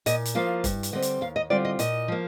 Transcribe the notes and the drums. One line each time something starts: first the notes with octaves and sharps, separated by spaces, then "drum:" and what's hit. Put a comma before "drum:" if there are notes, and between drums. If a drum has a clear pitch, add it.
A#2 D#5, drum: hi-hat
drum: hi-hat
F3 A#3 F4 F5
G2, drum: kick F1, hi-hat
drum: hi-hat
D3 G3 C4 D#5
drum: hi-hat
D#2 F5
D#5
D3 G3 C4 F4 D5
D#5
A#2 D#5, drum: hi-hat
F3 A#3